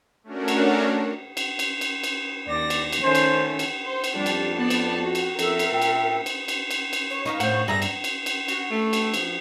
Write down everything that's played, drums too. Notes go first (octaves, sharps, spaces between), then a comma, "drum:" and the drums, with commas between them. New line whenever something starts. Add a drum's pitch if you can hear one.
A3 C#4 D4 F#4 A#4
drum: cymbal
drum: cymbal
drum: cymbal
drum: cymbal
drum: cymbal
D#2 D5 A#6
drum: cymbal
drum: cymbal
D#3 A3 C#4 C5
drum: cymbal
drum: cymbal
C5
drum: cymbal
F2 G3 D4
drum: cymbal
B3 D5 A5
drum: cymbal
F#4
drum: cymbal
F2 A4 A#4 E5, drum: cymbal
drum: cymbal
A#2 G5
drum: cymbal
drum: cymbal
drum: cymbal
drum: cymbal
drum: cymbal
C#5
D#4 B4 F5 C#6
A2 C5 F#5, drum: cymbal
G2 G#4 D5 E5 A#5 A#6
drum: cymbal
drum: cymbal
drum: cymbal
F#4, drum: cymbal
A3
drum: cymbal
F3, drum: cymbal